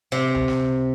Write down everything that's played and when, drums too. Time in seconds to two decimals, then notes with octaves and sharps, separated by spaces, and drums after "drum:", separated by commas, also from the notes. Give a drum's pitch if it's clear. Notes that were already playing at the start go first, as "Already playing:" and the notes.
0.12 C3
0.35 drum: tom C#2
0.48 drum: snare